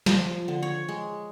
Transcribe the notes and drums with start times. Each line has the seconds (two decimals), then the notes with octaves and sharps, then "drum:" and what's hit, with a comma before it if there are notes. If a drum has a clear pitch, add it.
0.06 F3, drum: snare
0.48 D3
0.63 C#5
0.88 G#3